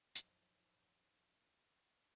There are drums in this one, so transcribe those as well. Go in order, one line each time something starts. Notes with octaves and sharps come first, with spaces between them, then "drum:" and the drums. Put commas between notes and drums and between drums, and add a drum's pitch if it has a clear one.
F#2 A#2 F3 D#4, drum: hi-hat